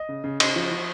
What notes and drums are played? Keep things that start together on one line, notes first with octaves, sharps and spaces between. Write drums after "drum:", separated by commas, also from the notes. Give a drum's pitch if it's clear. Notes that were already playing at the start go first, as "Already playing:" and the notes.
Already playing: D#5
C#3
C#3
C#3 D#5, drum: cymbal
F3
F3